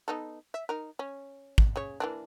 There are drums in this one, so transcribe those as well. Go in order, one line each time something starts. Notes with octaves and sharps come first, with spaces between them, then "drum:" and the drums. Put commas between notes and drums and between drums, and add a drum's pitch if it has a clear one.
B3 D#4 A4
E5
D#4 A#4
C#4
drum: kick
C#3 C#5
E3 A#3 D4